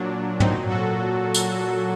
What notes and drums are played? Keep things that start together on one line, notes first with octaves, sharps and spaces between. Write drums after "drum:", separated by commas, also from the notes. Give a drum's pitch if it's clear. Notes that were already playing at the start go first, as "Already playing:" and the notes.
Already playing: A#2 F#3 D4
A#2 F#3 C4 D#4, drum: tom
F#4 A4
drum: tambourine